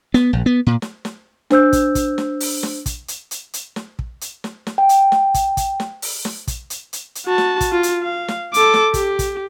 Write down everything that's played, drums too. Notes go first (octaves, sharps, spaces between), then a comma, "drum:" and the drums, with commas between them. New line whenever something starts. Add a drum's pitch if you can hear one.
B3, drum: snare
A#1
B3
A#2
drum: snare
drum: snare
D4 C5 E6 G6, drum: snare
drum: kick, hi-hat
drum: kick, hi-hat
drum: snare
drum: open hi-hat
drum: snare
drum: kick, hi-hat
drum: hi-hat
drum: hi-hat
drum: hi-hat
drum: snare
drum: kick
drum: hi-hat
drum: snare
drum: snare
G5
drum: hi-hat
drum: snare
drum: kick, hi-hat
drum: kick, hi-hat
drum: snare
drum: open hi-hat
drum: snare
drum: kick, hi-hat
drum: hi-hat
drum: hi-hat
drum: hi-hat
F#4 A5
drum: snare
drum: kick, hi-hat
F4
drum: hi-hat
F5
drum: snare
A4 D6, drum: hi-hat
drum: snare
G4, drum: kick, hi-hat
drum: kick, hi-hat